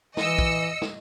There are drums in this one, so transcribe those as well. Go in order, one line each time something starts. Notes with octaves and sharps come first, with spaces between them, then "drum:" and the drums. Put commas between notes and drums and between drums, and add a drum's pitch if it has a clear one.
E3 D#5 E6 C#7, drum: snare
drum: kick
drum: snare